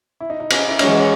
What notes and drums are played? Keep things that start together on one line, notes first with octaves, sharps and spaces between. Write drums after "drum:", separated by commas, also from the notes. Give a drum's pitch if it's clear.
E4
D#4
D#4
C#4, drum: cymbal
E4
E3 G#3 C#4 D#4 F#4, drum: cymbal